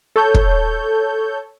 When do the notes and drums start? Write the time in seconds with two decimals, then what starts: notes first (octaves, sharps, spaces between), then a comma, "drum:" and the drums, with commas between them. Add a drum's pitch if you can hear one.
0.16 A4 C#5 G6
0.34 drum: kick